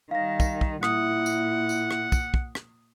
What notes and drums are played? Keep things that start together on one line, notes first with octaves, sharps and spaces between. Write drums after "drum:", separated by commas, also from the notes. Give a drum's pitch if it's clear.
D#3 G3 F5 A#6
drum: kick, tambourine
drum: kick
A#2 E4 F#5 D#6, drum: rim click
drum: tambourine
drum: tambourine
drum: rim click
drum: kick, tambourine
drum: kick
drum: rim click